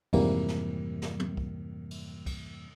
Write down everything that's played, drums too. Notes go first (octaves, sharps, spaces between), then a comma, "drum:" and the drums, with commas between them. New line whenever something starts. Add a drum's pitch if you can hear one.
F2 G#2 C3 E3 G3 A#3, drum: kick C2, cymbal
drum: snare
drum: snare
drum: tom
drum: kick C2
drum: cymbal
drum: kick C2, cymbal